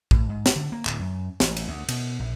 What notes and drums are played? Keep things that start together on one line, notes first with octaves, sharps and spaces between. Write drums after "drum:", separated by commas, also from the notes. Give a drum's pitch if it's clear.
A2, drum: kick
G#2
drum: snare
D3
A#3
D1, drum: clap
F#2
A1, drum: snare
drum: cymbal
D2
B2, drum: cymbal
A#1